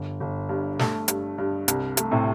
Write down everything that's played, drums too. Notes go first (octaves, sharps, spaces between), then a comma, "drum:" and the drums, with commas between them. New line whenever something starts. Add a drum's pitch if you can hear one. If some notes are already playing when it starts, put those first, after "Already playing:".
Already playing: G1
G1
G2
A3, drum: snare
G2, drum: hi-hat
G2
C2, drum: hi-hat
A3, drum: hi-hat
A2 C3